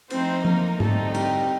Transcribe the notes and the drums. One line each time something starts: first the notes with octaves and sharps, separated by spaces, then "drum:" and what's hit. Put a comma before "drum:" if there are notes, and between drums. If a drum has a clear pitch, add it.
F3 A3 C4 D#4 C5, drum: cymbal
A#3 A#4, drum: tom F3
D3 G3 A3 C4 D#4 A4, drum: tom G#2
G4, drum: cymbal